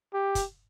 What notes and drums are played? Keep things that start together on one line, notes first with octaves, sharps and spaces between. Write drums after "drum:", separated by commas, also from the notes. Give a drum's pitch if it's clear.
G4
drum: kick, hi-hat